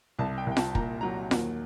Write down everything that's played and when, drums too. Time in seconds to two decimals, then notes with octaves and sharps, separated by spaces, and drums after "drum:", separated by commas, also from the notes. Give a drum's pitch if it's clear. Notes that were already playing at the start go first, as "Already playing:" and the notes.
0.19 C2 A5
0.38 G5
0.46 C2
0.52 G5
0.57 A5, drum: snare F4
0.75 A#2 A#5, drum: kick
1.01 F#3 A#5
1.31 D#2, drum: snare F4